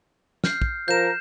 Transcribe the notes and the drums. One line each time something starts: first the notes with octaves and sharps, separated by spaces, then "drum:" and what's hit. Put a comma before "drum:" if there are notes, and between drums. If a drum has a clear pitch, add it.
F6 G6 C7, drum: snare
drum: kick
F3 A#4 G6 E7